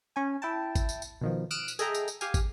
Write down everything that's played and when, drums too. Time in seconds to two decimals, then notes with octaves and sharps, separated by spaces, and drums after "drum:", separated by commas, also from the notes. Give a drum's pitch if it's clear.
0.16 C#4 G#5
0.42 E4 G5 A5
0.76 drum: kick, tambourine
0.89 drum: tambourine
1.02 drum: tambourine
1.21 B2 D#3 F3
1.51 D#6 F6 F#6 D7 E7
1.68 drum: tambourine
1.79 G#4 A4 D#5 E5 G5 A#5, drum: tambourine
1.94 drum: tambourine
2.08 drum: tambourine
2.21 G4 F5 G#5, drum: tambourine
2.34 drum: kick, tambourine